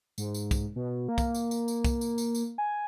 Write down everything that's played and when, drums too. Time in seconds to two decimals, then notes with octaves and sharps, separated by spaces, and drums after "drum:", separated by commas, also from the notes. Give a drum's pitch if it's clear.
0.18 G#2, drum: tambourine
0.34 drum: tambourine
0.51 drum: kick, tambourine
0.76 B2
1.08 A#3
1.18 drum: kick, tambourine
1.34 drum: tambourine
1.51 drum: tambourine
1.68 drum: tambourine
1.85 drum: kick, tambourine
2.01 drum: tambourine
2.18 drum: tambourine
2.35 drum: tambourine
2.58 G#5